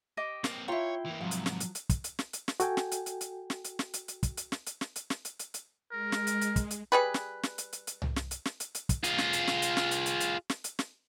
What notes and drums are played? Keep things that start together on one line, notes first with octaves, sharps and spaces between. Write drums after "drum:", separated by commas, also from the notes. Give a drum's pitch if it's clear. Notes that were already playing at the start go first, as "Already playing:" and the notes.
G4 D#5 D6
A#3 C4, drum: snare
E4 F4 C#5 F5 G5 A#5
E3 A#3
G#2 C3 F3 F#3
drum: hi-hat
drum: snare
drum: hi-hat
drum: hi-hat
drum: kick, hi-hat
drum: hi-hat
drum: snare
drum: hi-hat
drum: snare
F#4 A4 G5 G#5, drum: hi-hat
drum: snare
drum: hi-hat
drum: hi-hat
drum: hi-hat
drum: snare
drum: hi-hat
drum: snare
drum: hi-hat
drum: hi-hat
drum: kick, hi-hat
drum: hi-hat
drum: snare
drum: hi-hat
drum: snare
drum: hi-hat
drum: snare
drum: hi-hat
drum: hi-hat
drum: hi-hat
G#3 A#4
drum: snare
drum: hi-hat
drum: hi-hat
drum: kick, hi-hat
drum: hi-hat
G3 G#4 B4
drum: snare
drum: snare
drum: hi-hat
drum: hi-hat
drum: hi-hat
drum: tom C2
drum: snare
drum: hi-hat
drum: snare
drum: hi-hat
drum: hi-hat
drum: kick, hi-hat
F4 G#4, drum: hi-hat
drum: snare
drum: hi-hat
drum: snare
drum: hi-hat
drum: snare
drum: hi-hat
drum: hi-hat
drum: hi-hat
drum: snare
drum: hi-hat
drum: snare